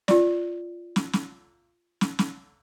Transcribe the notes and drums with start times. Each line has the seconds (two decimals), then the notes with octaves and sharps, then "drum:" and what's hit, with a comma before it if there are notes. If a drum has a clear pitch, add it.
0.08 F4 D5, drum: snare
0.96 drum: snare
1.13 drum: snare
2.01 drum: snare
2.19 drum: snare